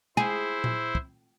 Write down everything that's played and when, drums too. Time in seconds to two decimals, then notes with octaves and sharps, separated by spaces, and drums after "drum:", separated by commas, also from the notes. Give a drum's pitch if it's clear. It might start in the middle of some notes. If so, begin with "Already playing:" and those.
0.17 E4 G#4 C5, drum: tom G#3
0.64 drum: tom A#2
0.95 drum: kick